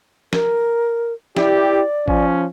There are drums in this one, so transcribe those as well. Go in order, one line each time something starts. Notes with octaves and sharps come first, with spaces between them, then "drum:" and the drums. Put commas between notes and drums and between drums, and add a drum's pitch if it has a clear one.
A#4, drum: snare
E4 G4 D5, drum: snare
F3 C#4, drum: kick G#1